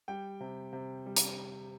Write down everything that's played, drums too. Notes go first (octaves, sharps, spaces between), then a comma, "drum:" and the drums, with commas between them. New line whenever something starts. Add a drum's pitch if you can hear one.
G3 G5
C3
C3
G3
drum: hi-hat